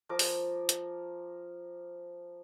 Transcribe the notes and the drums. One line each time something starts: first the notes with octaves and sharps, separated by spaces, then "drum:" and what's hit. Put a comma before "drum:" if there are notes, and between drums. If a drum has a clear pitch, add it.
F3 A#4 D6
drum: open hi-hat
drum: hi-hat